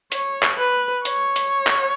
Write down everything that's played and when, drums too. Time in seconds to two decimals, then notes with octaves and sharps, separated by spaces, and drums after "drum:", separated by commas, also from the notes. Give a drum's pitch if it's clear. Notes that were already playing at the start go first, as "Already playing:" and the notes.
0.12 C#5, drum: hi-hat
0.43 drum: clap
0.58 B4
1.05 C#5, drum: hi-hat
1.36 drum: hi-hat
1.67 drum: clap